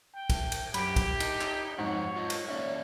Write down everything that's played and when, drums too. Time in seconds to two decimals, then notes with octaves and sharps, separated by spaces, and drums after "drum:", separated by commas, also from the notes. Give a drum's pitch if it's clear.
0.15 G5
0.30 drum: kick, cymbal
0.52 drum: cymbal
0.74 F#2 G4 B5 D7, drum: cymbal
0.96 drum: kick, cymbal
1.20 D#4, drum: cymbal
1.41 drum: clap
1.79 F2 G#2 C4 F#4 C#5
2.17 F4 D#5
2.30 drum: cymbal
2.48 A#3 C#4 D5 E5